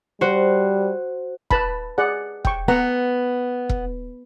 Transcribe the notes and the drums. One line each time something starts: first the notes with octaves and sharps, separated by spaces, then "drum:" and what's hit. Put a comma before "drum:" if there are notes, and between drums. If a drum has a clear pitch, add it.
G3 F#4 C5
B4 A5 B5, drum: kick E1
G#4 D5 F#5
G5 C#6, drum: kick E1
B3 F#5 A#5
drum: kick E1